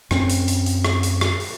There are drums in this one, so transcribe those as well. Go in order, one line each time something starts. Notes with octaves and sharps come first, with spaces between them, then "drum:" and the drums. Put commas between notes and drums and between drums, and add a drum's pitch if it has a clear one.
F#2 C4 C#4, drum: rim click
drum: hi-hat
drum: hi-hat
drum: hi-hat
drum: rim click
drum: hi-hat
drum: rim click
drum: open hi-hat